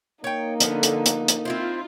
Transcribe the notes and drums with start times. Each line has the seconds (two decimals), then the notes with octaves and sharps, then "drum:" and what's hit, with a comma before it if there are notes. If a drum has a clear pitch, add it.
0.24 A#3 D#4 C#5 G5
0.60 D3 F3 B3, drum: hi-hat
0.83 drum: hi-hat
1.06 drum: hi-hat
1.28 drum: hi-hat
1.45 C4 E4 F4 C5